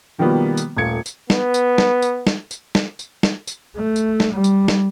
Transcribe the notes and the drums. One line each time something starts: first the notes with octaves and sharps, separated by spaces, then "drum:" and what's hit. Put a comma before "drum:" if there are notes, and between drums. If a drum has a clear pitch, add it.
B2 D#3 F3 G3 A#3 B3
drum: tambourine
D#1 A3 F4 G#6 C#7
drum: tambourine
B3, drum: snare
drum: tambourine
drum: snare
drum: tambourine
drum: snare
drum: tambourine
drum: snare
drum: tambourine
drum: snare
drum: tambourine
A3
drum: tambourine
drum: snare
G3
drum: tambourine
drum: snare